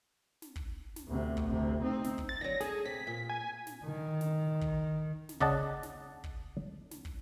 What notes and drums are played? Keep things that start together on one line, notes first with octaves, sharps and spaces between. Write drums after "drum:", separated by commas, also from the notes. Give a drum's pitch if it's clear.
drum: snare
drum: kick
drum: snare
D2 C3
drum: kick
D2 C3
C4 D#4
drum: snare
drum: kick
A6
D3 F#3 A#6
G#4 A4, drum: snare
C3 B6
A#2
G#5
drum: snare
D#3
drum: snare
drum: kick
drum: snare
C#3 D5 D#5 F#5 A5, drum: kick
drum: snare
drum: kick
drum: snare
drum: kick